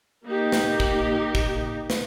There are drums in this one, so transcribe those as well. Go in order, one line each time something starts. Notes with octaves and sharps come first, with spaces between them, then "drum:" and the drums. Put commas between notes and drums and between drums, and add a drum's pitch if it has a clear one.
A#3 D#4 G4
drum: snare
drum: kick
drum: kick
drum: snare